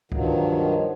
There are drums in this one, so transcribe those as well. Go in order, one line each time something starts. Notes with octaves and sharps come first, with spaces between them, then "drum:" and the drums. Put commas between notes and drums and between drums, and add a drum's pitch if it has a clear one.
G2 D#3 F3 F#3, drum: kick C#2